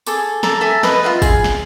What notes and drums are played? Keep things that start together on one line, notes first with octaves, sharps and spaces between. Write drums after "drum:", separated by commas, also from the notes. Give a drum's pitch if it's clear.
G#4 A4 D6, drum: tambourine
A4 A#5 D6, drum: snare
A4 E5 G#5 A#5
B4 D#5, drum: snare
F4 F#4 D#5 E5
G#4, drum: kick, tambourine
drum: snare